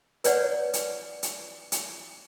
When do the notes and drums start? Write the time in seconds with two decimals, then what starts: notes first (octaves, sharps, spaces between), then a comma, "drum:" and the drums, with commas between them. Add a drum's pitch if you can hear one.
0.24 B4 C#5 D5 F#5, drum: hi-hat
0.73 drum: hi-hat
1.23 drum: hi-hat
1.72 drum: hi-hat